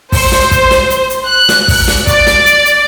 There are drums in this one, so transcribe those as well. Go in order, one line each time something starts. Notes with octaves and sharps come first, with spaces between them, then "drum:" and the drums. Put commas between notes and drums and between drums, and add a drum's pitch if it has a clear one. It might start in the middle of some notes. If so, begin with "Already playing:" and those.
C5, drum: kick, open hi-hat
drum: snare
drum: kick, hi-hat
drum: snare
drum: hi-hat
drum: hi-hat
F#6
drum: snare
drum: kick, open hi-hat
drum: snare
D5, drum: kick, hi-hat
drum: snare
drum: hi-hat
drum: hi-hat